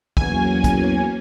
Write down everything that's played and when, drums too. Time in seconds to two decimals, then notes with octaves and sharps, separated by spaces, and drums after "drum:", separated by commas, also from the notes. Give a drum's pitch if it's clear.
0.17 E2 F#3 A#3 C#4 G#5, drum: kick
0.64 drum: kick, hi-hat